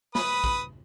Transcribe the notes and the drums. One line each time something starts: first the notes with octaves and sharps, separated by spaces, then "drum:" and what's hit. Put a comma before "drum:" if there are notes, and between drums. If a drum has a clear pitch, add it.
B4 B5 D#6, drum: snare
drum: kick